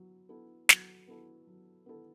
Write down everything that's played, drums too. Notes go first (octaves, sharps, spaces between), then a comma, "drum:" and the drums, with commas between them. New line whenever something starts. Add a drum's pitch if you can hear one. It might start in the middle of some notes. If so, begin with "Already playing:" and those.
Already playing: F#3 B3 E4
B3 E4 A4
F#3, drum: snare
B3 E4 A4
F#3
B3 E4 A4